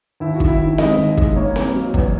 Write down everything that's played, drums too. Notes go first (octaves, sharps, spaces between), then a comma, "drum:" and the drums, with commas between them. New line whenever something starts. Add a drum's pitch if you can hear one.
D#2 E4
F#4
D#3, drum: kick
E4
D#2
G#3 D#5, drum: snare C4
D#2
G#3, drum: kick
A#3 C#5
A#3, drum: snare C4
F#3
E2, drum: kick